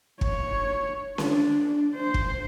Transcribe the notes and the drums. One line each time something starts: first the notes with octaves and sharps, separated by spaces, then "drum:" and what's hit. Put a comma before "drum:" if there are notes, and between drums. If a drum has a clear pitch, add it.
C#5, drum: kick
D4, drum: snare C#4
C5
drum: kick